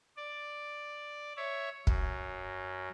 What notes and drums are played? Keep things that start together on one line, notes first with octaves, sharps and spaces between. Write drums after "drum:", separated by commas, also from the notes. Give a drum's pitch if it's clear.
D5
C#5 E5
F#2, drum: kick